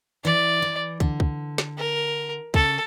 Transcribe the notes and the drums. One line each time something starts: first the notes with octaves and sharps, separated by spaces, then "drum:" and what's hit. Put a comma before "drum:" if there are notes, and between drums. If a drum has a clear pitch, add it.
E3 D5
E3
D3, drum: kick
drum: kick
drum: snare
A#4
C#3 A4, drum: kick